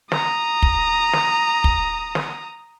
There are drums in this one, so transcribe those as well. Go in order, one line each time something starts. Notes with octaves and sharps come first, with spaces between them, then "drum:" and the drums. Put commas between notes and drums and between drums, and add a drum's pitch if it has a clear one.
A#5 D#6, drum: snare
drum: kick
drum: snare
drum: kick
drum: snare